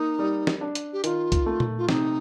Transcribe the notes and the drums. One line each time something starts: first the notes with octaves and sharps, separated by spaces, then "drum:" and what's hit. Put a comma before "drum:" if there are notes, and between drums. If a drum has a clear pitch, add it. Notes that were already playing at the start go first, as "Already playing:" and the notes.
Already playing: A#3 D#4
G3
drum: snare
D4
drum: hi-hat
G4
D#3 F4, drum: hi-hat
drum: kick C2, hi-hat
A3
drum: tom A#2
F4
C3 D#4, drum: snare